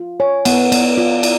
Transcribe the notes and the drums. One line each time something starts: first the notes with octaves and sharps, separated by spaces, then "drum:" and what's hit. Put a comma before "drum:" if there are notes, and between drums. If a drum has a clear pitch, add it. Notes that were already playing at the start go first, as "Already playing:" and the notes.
Already playing: F4
C#5 G#5
B3 F#5, drum: cymbal
B3 D5, drum: cymbal
F4 D5
D5, drum: cymbal